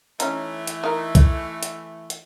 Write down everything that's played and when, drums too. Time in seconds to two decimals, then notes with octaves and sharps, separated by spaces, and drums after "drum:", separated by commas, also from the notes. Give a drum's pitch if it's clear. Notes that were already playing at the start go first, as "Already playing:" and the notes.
0.20 E3 A3 C#4 D#4, drum: hi-hat
0.67 drum: hi-hat
0.83 D#4 A#4
1.15 drum: kick, hi-hat
1.63 drum: hi-hat
2.10 drum: hi-hat